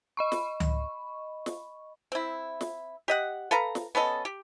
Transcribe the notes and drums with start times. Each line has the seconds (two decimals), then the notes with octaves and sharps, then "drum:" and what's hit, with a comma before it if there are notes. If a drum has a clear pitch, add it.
0.17 D#5 B5 C#6
0.32 drum: snare
0.60 drum: tom C#2
1.46 drum: snare
2.12 C4 E4
2.61 drum: snare
3.08 G4 D#5 F#5
3.51 A4 B4 F5 A#5
3.75 drum: snare
3.95 B3 C#4 A4 D#5
4.25 G4